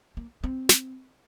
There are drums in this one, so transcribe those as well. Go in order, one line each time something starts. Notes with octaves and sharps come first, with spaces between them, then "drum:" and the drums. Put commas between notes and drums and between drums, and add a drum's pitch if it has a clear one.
A#3
C4
drum: snare